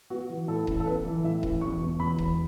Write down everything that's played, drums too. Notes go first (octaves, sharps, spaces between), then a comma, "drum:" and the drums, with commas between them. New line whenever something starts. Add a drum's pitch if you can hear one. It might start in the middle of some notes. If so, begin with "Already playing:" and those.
B3 F#4
E3
A2 A4
A1, drum: kick D#1
A4
B3 B4
E3
A2 E5
A1, drum: kick D#1
E1 C#6
B2
E2 B5
E1, drum: kick D#1